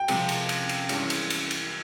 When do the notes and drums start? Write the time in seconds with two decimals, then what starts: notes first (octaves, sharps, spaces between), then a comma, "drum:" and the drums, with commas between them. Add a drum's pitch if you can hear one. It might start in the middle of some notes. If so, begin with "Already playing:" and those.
Already playing: G5
0.08 C3 F3 G#3 C4, drum: cymbal
0.29 drum: cymbal
0.49 drum: cymbal
0.69 drum: cymbal
0.89 G2 E3 G#3 C#4, drum: cymbal
1.10 drum: cymbal
1.30 drum: cymbal
1.51 drum: cymbal